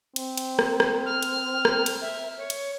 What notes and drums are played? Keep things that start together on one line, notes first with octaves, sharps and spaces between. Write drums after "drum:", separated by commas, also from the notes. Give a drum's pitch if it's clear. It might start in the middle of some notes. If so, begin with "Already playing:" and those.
C4, drum: cymbal
drum: cymbal
drum: rim click
drum: rim click
F6
drum: cymbal
drum: rim click
drum: cymbal
E5
C#5
drum: cymbal